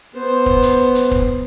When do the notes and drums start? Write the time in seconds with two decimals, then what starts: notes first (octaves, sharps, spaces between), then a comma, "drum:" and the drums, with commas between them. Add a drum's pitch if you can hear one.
0.14 B3 C5
0.46 drum: kick
0.62 drum: hi-hat
0.95 drum: hi-hat
1.11 drum: kick